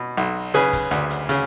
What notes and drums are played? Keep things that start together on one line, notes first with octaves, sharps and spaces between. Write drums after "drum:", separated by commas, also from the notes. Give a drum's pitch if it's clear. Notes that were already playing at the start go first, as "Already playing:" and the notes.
Already playing: B2
B1
C#3 G#4 B4, drum: open hi-hat
drum: kick, hi-hat
D2, drum: hi-hat
drum: hi-hat
C#3, drum: open hi-hat